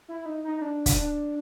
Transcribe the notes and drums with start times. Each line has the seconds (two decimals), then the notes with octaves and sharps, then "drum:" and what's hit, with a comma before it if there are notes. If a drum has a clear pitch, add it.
0.08 E4
0.26 D#4
0.44 D#4
0.57 D#4
0.62 D4
0.86 drum: kick, hi-hat
0.97 D4